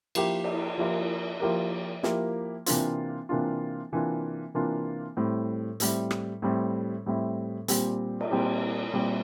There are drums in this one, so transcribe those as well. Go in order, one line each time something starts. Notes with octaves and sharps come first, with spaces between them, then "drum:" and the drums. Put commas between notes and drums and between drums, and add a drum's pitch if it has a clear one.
F3 A#3 E4 G4 A#4, drum: cymbal
drum: cymbal
F3 A#3 E4 G4 A#4
F3 A#3 E4 G4 A#4
F3 A#3 E4 G4 A#4, drum: snare
C3 E3 A#3 D4 F4, drum: hi-hat
C3 E3 A#3 D4 F4
C3 E3 A#3 D4 F4
C3 E3 A#3 D4 F4
A2 G3 C4 E4
A2 G3 C4 E4, drum: hi-hat
drum: rim click
A2 G3 C4 E4
A2 G3 C4 E4
A#2 G3 C4 G4, drum: hi-hat
drum: cymbal
A#2 G3 C4 G4
A#2 G3 C4 G4